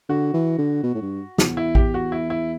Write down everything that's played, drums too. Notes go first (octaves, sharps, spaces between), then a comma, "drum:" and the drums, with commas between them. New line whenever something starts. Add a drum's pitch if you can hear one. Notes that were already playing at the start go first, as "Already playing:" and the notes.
D3 F#4
E3
D3
B2
A2
G2
E2, drum: snare
E4
G4, drum: kick A1
F#4
E4
E4